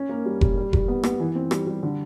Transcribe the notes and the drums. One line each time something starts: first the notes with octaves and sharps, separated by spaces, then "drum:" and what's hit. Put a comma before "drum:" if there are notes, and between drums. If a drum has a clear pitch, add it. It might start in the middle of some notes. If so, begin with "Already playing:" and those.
Already playing: C#4
A#3
G3
G3, drum: kick F1
G3
G3, drum: kick F1
B3
B3, drum: rim click
E3
C4
G3, drum: rim click
G3
D3